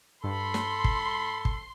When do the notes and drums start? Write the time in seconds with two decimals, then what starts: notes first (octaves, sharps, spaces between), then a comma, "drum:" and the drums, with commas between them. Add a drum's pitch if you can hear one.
0.24 G2 A4 B5 C6
0.54 drum: snare
0.84 drum: kick
1.45 drum: kick